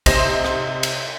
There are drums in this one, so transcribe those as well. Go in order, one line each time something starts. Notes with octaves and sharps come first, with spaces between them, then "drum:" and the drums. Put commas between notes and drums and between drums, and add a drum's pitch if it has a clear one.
C3 D#4 C5 C6 A#6 E7, drum: kick B1, cymbal
drum: rim click
drum: cymbal